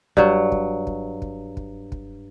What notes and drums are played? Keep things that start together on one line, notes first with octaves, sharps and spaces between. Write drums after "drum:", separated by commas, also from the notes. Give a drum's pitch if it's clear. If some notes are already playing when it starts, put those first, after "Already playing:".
G2 F#3, drum: kick
drum: kick
drum: kick
drum: kick
drum: kick
drum: kick